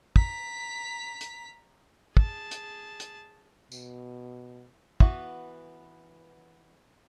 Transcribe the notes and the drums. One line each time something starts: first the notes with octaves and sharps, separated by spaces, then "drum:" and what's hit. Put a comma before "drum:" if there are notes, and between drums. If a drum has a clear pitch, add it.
A#5 B6, drum: kick
drum: hi-hat
G#4 A5, drum: kick
drum: hi-hat
drum: hi-hat
B2, drum: tambourine
E3 B3 F#4, drum: kick